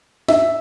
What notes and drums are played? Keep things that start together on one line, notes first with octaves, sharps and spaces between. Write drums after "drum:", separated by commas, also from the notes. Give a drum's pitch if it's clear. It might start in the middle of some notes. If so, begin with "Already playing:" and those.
E5, drum: snare D4